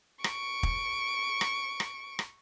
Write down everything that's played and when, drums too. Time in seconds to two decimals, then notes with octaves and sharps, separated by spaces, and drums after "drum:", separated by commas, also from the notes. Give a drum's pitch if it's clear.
0.24 C#6 D7, drum: rim click
0.63 drum: kick
1.41 drum: rim click
1.80 drum: rim click
2.19 drum: rim click